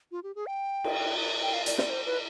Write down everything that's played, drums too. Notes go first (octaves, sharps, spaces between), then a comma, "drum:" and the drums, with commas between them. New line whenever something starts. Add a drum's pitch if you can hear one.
F4
G4
G#4
G5
drum: cymbal
G5
F5
D5, drum: hi-hat
D5, drum: snare
C5
B4